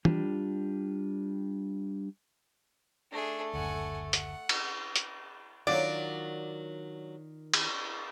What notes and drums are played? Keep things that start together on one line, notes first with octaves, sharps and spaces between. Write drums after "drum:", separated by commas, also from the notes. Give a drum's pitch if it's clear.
G3 D4 F4 G4, drum: tom
A3 D4 G#4
F#1 D2 F#5 G#5
F#5, drum: hi-hat
drum: cymbal
drum: hi-hat
D#3 F#3 D4 F4 D5
drum: cymbal